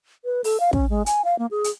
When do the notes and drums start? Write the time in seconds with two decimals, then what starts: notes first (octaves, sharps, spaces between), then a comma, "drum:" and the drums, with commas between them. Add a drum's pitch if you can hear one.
0.25 B4
0.44 A4, drum: open hi-hat
0.60 F5
0.73 C#4, drum: kick
0.90 G#3
1.06 G#5, drum: hi-hat
1.24 F5
1.39 A#3
1.51 G#4
1.64 drum: hi-hat